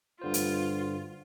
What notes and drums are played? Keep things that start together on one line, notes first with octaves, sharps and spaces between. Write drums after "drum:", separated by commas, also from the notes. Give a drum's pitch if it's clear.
G2 D3 F4 C5
drum: hi-hat